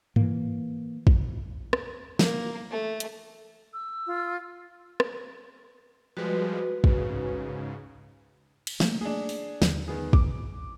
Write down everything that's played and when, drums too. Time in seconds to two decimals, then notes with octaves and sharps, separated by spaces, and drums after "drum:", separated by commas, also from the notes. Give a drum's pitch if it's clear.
0.16 E3 A#3, drum: tom G2
1.07 drum: kick
1.73 drum: rim click
2.19 A#3, drum: snare
2.71 A3
3.00 drum: hi-hat
3.74 E6
4.07 F4
5.00 drum: rim click
6.17 F3 G3 G#3 F#4 B4
6.84 G#2 C#3, drum: kick
8.67 drum: cymbal
8.80 A3 A#3, drum: snare
9.01 D4 G#4
9.29 drum: open hi-hat
9.62 D#2 D3, drum: snare
9.88 D#3 B3 G#4
10.13 D6, drum: kick